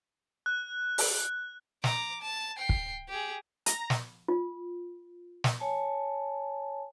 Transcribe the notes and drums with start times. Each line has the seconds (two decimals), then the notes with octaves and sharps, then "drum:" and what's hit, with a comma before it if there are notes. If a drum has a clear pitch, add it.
0.46 F#6
0.98 drum: open hi-hat
1.84 A#5 D6, drum: snare
2.21 A5
2.58 G5 C7
2.69 drum: kick
3.09 G4 G#4
3.66 A#5, drum: hi-hat
3.90 drum: snare
4.28 F4
5.44 drum: snare
5.60 C#5 G#5 A5